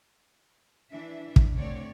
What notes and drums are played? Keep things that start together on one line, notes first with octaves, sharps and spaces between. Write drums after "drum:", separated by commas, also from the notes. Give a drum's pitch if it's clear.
E3 D4 E5
drum: kick
D3 A3 C4 C#5 D5